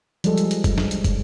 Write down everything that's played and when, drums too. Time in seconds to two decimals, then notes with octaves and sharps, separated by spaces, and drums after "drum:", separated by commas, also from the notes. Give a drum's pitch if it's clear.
0.24 F3 G3 G#3 G#4 A4 D#5, drum: hi-hat
0.37 drum: hi-hat
0.51 drum: hi-hat
0.64 drum: kick, hi-hat
0.78 drum: snare
0.91 drum: hi-hat
1.04 drum: kick, hi-hat